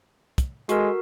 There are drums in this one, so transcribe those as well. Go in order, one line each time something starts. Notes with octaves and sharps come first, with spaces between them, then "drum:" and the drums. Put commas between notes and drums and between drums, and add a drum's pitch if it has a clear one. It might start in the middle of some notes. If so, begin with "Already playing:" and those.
drum: kick, hi-hat
G#3 F#4 A4 A#4, drum: hi-hat